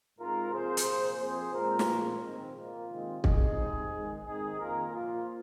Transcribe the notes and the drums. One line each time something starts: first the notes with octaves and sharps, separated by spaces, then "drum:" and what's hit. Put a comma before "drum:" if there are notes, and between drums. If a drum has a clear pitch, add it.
G#2 G#3 C4 F4 A#4
C3 F3 A#3 G#4 C5
drum: hi-hat
A#2 F3 A#3
F2 F3 C4 G#4 C5
A#2 G#3 C4 F4 A#4
drum: snare
A#2 F3 G#3 C4
G#2 D#3 C4
A#2 A#3 F4
C3 D#3 G#3 C4
C3 F3 G#3 D#4 G#4, drum: kick
C3 G#3 C4
G#2 D#3 G#3
G#2 D#3 C4 D#4 G#4
F2 D#3 A#3 F4 A#4
A#2 F3 A#3 F4